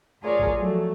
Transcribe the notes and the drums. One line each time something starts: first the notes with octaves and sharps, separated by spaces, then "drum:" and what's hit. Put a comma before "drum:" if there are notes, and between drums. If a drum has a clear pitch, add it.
A3 F4 G#4 A#4 C#5 D5
drum: kick
F3 F#3 A3